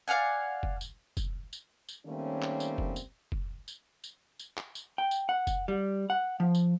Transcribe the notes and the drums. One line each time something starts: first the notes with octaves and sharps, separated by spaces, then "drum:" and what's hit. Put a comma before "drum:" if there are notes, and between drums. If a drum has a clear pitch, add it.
D5 F5 F#5 G#5
drum: kick
drum: tambourine
drum: kick, tambourine
drum: tambourine
drum: tambourine
D#3 G3 A3 A#3 C4 C#4
drum: clap
drum: tambourine
drum: kick
drum: tambourine
drum: kick
drum: tambourine
drum: tambourine
drum: tambourine
drum: clap
drum: tambourine
G5
drum: tambourine
F#5
drum: kick, tambourine
G3
F#5
F3
drum: tambourine